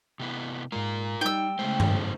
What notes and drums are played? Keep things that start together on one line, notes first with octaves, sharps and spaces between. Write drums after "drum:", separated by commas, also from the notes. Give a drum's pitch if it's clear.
C3 B3 E4
G#2 G#3 F4 A#4
G3 D#4 G5 E6
C#3 G#3 A3 B3 E4 C5
drum: tom G2